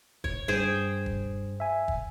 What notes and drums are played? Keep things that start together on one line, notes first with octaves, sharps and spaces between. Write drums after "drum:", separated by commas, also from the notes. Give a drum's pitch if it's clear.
C#5, drum: kick
G2 G#4 C5 G5
drum: kick
E5 G#5
drum: kick